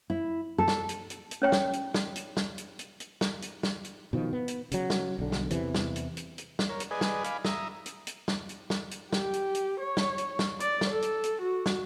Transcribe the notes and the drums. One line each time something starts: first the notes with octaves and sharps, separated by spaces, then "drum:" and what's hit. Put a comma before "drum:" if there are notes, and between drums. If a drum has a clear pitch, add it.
E4
A4
drum: snare
drum: hi-hat
drum: hi-hat
drum: hi-hat
C#4 C#5 G5
drum: snare
drum: hi-hat
drum: snare
drum: hi-hat
drum: snare
drum: hi-hat
drum: hi-hat
drum: hi-hat
drum: snare
drum: hi-hat
drum: snare
drum: hi-hat
B2 D#3 F3
B3
drum: hi-hat
C#3 F#3, drum: hi-hat
drum: snare
B1 D3
drum: snare
E2 C3 E3, drum: hi-hat
drum: snare
drum: hi-hat
drum: hi-hat
drum: hi-hat
drum: snare
A#4 C#5
drum: hi-hat
G#4 B4 D5 D#5 G#5
drum: snare
F5 G#5 B5 D6, drum: hi-hat
E5 A#5 D#6, drum: snare
drum: hi-hat
drum: hi-hat
drum: snare
drum: hi-hat
drum: snare
drum: hi-hat
G4, drum: snare
drum: hi-hat
drum: hi-hat
C#5
drum: snare
drum: hi-hat
drum: snare
D5, drum: hi-hat
drum: snare
A4
drum: hi-hat
drum: hi-hat
F#4
drum: snare